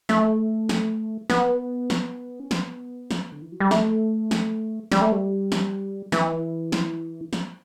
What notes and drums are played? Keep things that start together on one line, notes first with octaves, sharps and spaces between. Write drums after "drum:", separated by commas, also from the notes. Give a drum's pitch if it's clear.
A3, drum: snare
drum: snare
B3, drum: snare
drum: snare
C#4
B3, drum: snare
drum: snare
D3
E3
F#3
G3
A3, drum: snare
drum: snare
G3, drum: snare
A3
G3
drum: snare
E3, drum: snare
drum: snare
drum: snare